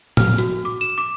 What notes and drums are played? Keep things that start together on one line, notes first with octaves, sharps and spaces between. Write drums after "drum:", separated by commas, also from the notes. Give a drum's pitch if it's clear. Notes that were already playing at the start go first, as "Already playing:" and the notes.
F6, drum: tom
F#4, drum: hi-hat
D6
E7
D6